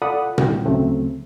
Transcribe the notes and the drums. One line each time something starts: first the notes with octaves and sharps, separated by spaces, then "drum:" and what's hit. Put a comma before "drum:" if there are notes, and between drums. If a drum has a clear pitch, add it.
F4 A4 D5 F#5 B5 D#6
C2 G5, drum: tom A#2
D2 C#3 F#3 A3 C4